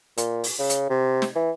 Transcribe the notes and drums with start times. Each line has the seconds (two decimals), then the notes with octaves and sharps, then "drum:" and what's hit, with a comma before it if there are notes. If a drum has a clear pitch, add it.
0.17 A#2, drum: hi-hat
0.44 drum: open hi-hat
0.59 C#3
0.70 drum: hi-hat
0.90 C3
1.22 drum: snare
1.35 E3